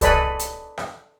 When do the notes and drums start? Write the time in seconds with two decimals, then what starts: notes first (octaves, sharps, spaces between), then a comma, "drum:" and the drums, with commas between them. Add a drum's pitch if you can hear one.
0.01 A4 B4 D5 D#5 G#5 B5, drum: kick C2, hi-hat
0.39 drum: hi-hat
0.78 drum: rim click